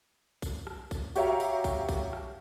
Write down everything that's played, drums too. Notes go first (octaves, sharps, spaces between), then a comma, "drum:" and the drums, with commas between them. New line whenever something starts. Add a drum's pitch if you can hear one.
drum: kick, tambourine
drum: rim click
drum: kick, tambourine
F#4 G4 C#5 E5 F5 A#5, drum: tambourine
drum: tambourine
drum: kick, tambourine
drum: kick, tambourine
drum: rim click